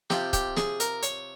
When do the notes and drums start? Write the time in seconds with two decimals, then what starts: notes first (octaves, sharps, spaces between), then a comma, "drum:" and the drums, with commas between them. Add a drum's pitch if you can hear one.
0.10 C3 F3 G4, drum: snare
0.33 G4, drum: kick, hi-hat
0.57 G#4, drum: snare
0.80 A#4, drum: hi-hat
1.03 C#5, drum: hi-hat